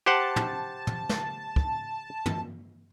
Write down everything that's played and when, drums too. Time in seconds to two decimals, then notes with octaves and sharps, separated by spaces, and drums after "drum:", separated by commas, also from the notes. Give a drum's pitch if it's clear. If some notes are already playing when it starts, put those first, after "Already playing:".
0.06 G4 C5 F#5 A5
0.36 drum: tom
0.87 drum: tom
1.09 drum: snare
1.56 drum: kick
2.26 drum: tom